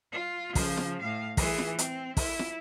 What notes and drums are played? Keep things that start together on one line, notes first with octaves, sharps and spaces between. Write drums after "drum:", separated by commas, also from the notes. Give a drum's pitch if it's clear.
F4
C#3 F3, drum: kick, open hi-hat
drum: snare
A2 F5
E3 G#4, drum: kick, open hi-hat
drum: snare
C4, drum: hi-hat
E4, drum: kick, open hi-hat
drum: snare